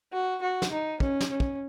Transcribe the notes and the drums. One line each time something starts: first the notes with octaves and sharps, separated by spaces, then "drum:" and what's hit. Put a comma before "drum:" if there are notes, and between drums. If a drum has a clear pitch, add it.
F#4
F#4
drum: snare
D#4
C#4, drum: kick
drum: snare
C#4
drum: kick